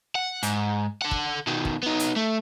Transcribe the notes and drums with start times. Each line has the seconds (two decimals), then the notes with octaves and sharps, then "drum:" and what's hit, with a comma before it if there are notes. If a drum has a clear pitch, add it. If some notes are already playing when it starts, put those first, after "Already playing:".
0.15 F#5
0.43 G#2, drum: hi-hat
1.02 A4 F#5
1.11 drum: kick
1.47 B2 D#3
1.65 drum: kick
1.83 B3 D#4
2.00 drum: hi-hat
2.16 A3